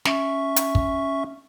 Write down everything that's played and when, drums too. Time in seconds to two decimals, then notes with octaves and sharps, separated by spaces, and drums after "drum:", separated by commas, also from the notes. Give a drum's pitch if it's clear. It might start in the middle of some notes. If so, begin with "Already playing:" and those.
0.05 C#4 E5 C#6, drum: snare
0.56 drum: hi-hat
0.75 drum: kick